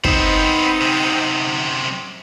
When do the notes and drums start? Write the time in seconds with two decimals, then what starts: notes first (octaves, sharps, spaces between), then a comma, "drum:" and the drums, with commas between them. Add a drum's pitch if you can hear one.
0.04 B3 C4 D#4 C5, drum: kick
0.81 F#2 C3